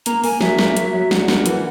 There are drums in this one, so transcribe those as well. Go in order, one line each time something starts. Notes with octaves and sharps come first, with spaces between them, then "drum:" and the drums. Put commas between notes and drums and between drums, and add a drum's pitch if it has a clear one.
A#3 A#5, drum: hi-hat
A#3 G#5, drum: open hi-hat
F#3 E5, drum: snare
A#3, drum: snare
F#3, drum: hi-hat
F#3
D4 F#5, drum: snare
A#3, drum: snare
E3, drum: hi-hat